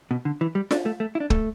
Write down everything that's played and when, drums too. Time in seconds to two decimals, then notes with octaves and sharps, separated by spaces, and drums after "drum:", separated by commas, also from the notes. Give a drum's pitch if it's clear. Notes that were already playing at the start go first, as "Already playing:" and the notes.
0.11 B2
0.25 D3
0.41 E3
0.55 G3
0.71 D4, drum: snare F4
0.86 A3
1.00 A3
1.15 E4
1.20 D4
1.30 A3, drum: kick